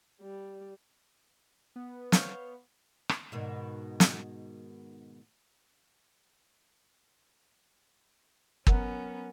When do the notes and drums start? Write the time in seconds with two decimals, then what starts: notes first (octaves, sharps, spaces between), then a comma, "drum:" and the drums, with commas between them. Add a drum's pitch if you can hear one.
0.21 G3
1.76 B3
2.12 C5 C#5 F5, drum: snare
3.09 drum: rim click
3.32 G#2 B2 D#3
4.00 drum: snare
8.67 F#3 B3 C#4 A#4 F#5, drum: kick